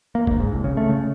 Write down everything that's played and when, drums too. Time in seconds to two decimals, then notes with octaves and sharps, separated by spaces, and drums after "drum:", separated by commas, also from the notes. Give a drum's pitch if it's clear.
0.15 A#3
0.27 D2, drum: kick F#1
0.40 G#2
0.52 C2
0.64 C#3
0.77 A3
0.89 C#3